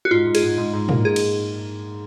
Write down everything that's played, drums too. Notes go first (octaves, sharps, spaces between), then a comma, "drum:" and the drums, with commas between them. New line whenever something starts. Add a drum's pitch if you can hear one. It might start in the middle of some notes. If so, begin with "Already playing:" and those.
F#4
G#2 F4
G#2
G#4, drum: cymbal
G#2
G#2
G#2
A#3, drum: tom
G#2 G#4
drum: cymbal